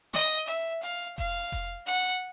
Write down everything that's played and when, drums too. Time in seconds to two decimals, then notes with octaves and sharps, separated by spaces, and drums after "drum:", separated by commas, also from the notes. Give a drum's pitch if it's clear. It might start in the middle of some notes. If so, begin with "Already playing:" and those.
0.14 D#5, drum: snare
0.48 E5, drum: hi-hat
0.83 F5, drum: hi-hat
1.18 F5, drum: kick F1, hi-hat
1.52 drum: kick F1, hi-hat
1.87 F#5, drum: hi-hat